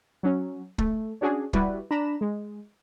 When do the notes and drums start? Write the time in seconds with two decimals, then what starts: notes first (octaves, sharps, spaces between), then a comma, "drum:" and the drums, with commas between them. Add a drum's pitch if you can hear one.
0.23 F#3 C#4
0.78 A3, drum: kick
1.21 C#4 D4 F#4 G#4
1.53 G3 E4 F#4 B4 D5, drum: kick
1.91 D4 A#5 B5 E7
2.21 G#3